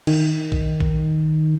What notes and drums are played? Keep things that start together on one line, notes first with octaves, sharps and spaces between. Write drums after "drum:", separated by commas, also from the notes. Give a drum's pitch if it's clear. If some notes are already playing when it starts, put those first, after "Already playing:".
D#3, drum: cymbal
drum: kick A#1
drum: kick A#1